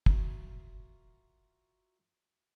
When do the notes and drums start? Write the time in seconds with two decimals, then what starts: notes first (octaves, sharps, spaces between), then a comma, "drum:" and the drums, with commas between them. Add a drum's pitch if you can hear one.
0.06 F4 F#4 A#4 E5, drum: kick